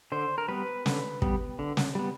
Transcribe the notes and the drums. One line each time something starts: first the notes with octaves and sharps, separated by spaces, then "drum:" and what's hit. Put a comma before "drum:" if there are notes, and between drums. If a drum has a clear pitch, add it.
D3 C5
A#4
G3 B3 B4
D3, drum: snare
G3 B3, drum: kick
D3
drum: snare
G3 B3